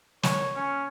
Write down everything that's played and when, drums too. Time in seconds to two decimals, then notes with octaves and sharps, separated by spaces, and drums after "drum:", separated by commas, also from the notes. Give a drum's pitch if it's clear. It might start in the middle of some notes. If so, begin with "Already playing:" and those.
0.23 C#5, drum: snare
0.56 C#4